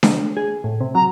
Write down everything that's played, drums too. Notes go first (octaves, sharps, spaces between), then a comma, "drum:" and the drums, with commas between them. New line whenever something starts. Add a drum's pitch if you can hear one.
drum: snare D4
G#4
A2
C3
F#3 A#5